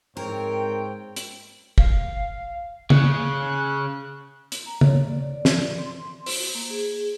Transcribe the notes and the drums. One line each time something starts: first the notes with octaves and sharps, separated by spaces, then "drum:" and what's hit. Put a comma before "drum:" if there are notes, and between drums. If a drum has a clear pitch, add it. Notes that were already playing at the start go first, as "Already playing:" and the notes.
G#2 C4 A#4 C#5 G5
drum: hi-hat
F5, drum: kick
C#3 F#6, drum: tom C#3
drum: hi-hat
A#5
C#5, drum: tom C#3
D5
drum: snare
C6
C5, drum: open hi-hat
A#3
G#4